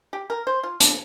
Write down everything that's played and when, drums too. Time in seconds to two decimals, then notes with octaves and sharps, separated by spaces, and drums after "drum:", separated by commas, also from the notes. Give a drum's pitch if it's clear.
0.13 G4
0.30 A#4
0.47 C5
0.63 F4
0.80 D4, drum: hi-hat